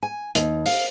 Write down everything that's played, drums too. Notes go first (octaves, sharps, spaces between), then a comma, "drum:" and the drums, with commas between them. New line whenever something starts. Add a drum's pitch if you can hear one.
G#5
D#2, drum: hi-hat
F5, drum: open hi-hat